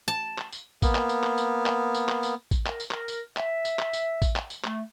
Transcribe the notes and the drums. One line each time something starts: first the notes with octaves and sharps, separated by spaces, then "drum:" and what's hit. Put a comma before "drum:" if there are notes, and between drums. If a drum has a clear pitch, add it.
A5
drum: clap
drum: tambourine
A#3 B3, drum: kick A1, tambourine
drum: clap
drum: tambourine
drum: clap
drum: tambourine
drum: clap
drum: tambourine
drum: clap
drum: tambourine
drum: kick A1, tambourine
A#4, drum: clap
drum: tambourine
A#4, drum: clap
drum: tambourine
E5, drum: clap
drum: tambourine
drum: clap
drum: tambourine
drum: kick A1, tambourine
drum: clap
drum: tambourine
A3, drum: clap